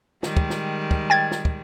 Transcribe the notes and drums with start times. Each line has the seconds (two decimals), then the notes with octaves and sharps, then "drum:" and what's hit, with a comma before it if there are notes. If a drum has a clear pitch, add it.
0.23 D#3 G3 G#3, drum: snare
0.37 drum: kick
0.50 drum: snare
0.91 drum: kick
1.10 G5 G#6 A6
1.32 drum: snare
1.45 drum: kick